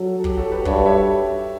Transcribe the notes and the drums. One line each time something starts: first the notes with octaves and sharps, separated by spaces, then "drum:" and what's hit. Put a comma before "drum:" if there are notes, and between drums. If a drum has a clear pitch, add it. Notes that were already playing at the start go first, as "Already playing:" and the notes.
Already playing: F#3 F#4 A4
A4
G4, drum: kick
F#4 A4
G4 B4
G2 A4 C#5, drum: kick
C#5 E5